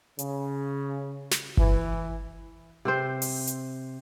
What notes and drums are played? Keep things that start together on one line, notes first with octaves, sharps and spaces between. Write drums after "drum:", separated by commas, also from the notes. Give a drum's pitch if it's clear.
C#3, drum: hi-hat
drum: snare
E3, drum: kick G1
C3 C4 C5
drum: open hi-hat
drum: hi-hat